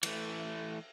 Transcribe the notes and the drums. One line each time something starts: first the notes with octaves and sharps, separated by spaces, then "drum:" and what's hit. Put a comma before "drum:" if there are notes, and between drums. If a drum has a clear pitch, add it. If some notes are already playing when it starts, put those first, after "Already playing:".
E3 A3, drum: cymbal